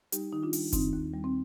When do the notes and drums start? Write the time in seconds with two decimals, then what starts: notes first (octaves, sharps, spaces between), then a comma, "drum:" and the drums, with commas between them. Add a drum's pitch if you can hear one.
0.12 G3 D#4 G4, drum: hi-hat
0.33 D#3 D#4
0.43 D4 F4
0.53 G3, drum: open hi-hat
0.73 D#3 C4 D#4, drum: kick F#1, hi-hat
0.93 D#2
1.13 G3
1.24 C4